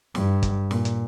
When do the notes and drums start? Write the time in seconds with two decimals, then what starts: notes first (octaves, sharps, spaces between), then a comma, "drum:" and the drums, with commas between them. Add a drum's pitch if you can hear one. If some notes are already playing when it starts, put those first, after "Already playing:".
0.15 G2, drum: snare
0.43 drum: kick, hi-hat
0.71 A#2, drum: snare
0.85 drum: hi-hat